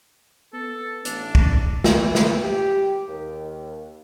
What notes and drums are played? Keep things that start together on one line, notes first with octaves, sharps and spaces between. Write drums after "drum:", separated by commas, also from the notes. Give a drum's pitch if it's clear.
B3 A4
A1 D4, drum: hi-hat
drum: kick
E3, drum: snare
drum: snare
G4
D#2